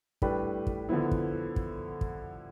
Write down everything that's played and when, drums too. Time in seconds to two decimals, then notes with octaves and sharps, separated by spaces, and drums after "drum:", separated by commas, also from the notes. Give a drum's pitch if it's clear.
0.22 A2 G3 D4 G4 B4, drum: kick
0.67 drum: kick
0.89 D3 F3 B3 E4
1.11 drum: kick
1.56 drum: kick
2.01 drum: kick